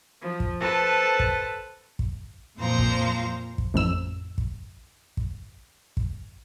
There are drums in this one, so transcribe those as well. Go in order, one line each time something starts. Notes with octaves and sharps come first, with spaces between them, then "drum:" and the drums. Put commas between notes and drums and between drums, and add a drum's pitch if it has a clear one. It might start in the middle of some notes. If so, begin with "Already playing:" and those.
F3
drum: kick
A4 B4 C5 A5
drum: kick
drum: kick
F2 A#2 F3 C5 F5 A#5
drum: kick
drum: kick
A1 F2 E6
drum: kick
drum: kick
drum: kick